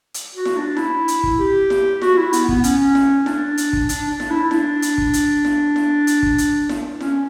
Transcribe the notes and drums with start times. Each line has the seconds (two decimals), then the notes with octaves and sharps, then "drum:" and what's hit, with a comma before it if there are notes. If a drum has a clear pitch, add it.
0.14 drum: hi-hat
0.35 F#4
0.46 drum: snare E4
0.56 D4
0.77 E4, drum: snare E4
1.08 drum: hi-hat
1.24 drum: kick
1.39 G4
1.70 drum: snare E4
2.02 F#4, drum: snare E4
2.17 E4
2.33 B3, drum: hi-hat
2.49 B3, drum: kick
2.64 C#4, drum: hi-hat
2.95 drum: snare E4
3.26 D4, drum: snare E4
3.57 drum: hi-hat
3.73 drum: kick
3.89 D4, drum: hi-hat
4.09 D4
4.20 drum: snare E4
4.30 E4
4.44 E4
4.51 D4, drum: snare E4
4.82 drum: hi-hat
4.98 drum: kick
5.13 drum: hi-hat
5.45 drum: snare E4
5.76 drum: snare E4
6.07 drum: hi-hat
6.23 drum: kick
6.38 drum: hi-hat
6.69 drum: snare E4
7.01 C#4, drum: snare E4